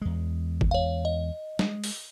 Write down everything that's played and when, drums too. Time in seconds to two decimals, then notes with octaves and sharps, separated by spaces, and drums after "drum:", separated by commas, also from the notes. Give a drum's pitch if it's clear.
0.02 E2 G#3
0.61 drum: kick
0.71 C#5 F5
1.05 D#5
1.59 G#3, drum: snare
1.84 drum: open hi-hat